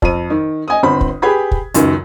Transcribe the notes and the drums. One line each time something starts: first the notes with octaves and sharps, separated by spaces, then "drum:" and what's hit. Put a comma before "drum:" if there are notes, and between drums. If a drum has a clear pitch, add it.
F2 D#7, drum: kick
D#3
D#5 G#5 D#6
G1 C4 B5
drum: kick
G4 G#4 B4 B5 G#6
drum: kick
C#2 F#2 D#3, drum: hi-hat